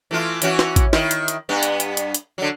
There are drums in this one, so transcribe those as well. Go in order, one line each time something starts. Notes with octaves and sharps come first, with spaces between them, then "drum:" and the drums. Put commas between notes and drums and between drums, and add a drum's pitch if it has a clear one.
E3 A3 F4
E3 C#4 F#4, drum: hi-hat
drum: snare
drum: kick A1, hi-hat
D#3 E4, drum: snare
drum: hi-hat
drum: hi-hat
G2 B3
drum: hi-hat
drum: hi-hat
drum: hi-hat
drum: hi-hat
D3 F#3